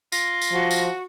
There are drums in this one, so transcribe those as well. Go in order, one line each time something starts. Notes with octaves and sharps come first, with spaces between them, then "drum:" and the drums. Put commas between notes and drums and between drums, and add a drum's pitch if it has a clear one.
F4 A#6, drum: tambourine
drum: tambourine
F3 F#4
drum: tambourine